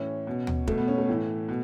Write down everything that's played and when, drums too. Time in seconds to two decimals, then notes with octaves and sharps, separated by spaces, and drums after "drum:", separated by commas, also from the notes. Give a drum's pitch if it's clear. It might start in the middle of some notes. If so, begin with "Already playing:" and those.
Already playing: A2 E3 C#4
0.27 B2
0.47 drum: tom D2
0.67 B2 A3, drum: kick
0.78 B3
0.88 C#4
0.98 A3
1.09 A2 E3
1.49 B2